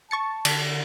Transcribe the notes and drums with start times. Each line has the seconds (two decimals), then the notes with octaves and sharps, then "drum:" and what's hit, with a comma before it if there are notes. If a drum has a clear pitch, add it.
0.11 A5 C#6 A6 C#7
0.45 D3, drum: cymbal